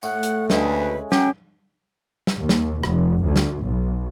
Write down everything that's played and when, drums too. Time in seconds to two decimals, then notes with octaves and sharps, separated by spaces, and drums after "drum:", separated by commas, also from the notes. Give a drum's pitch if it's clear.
0.03 A2 F#5, drum: tambourine
0.23 drum: hi-hat
0.50 D2 C#3 G#3 B4, drum: snare
1.12 F#3 C#4 G5, drum: snare
2.27 drum: snare
2.38 D#2
2.49 drum: snare
2.83 F1, drum: rim click
3.25 D2
3.36 drum: snare
3.64 B1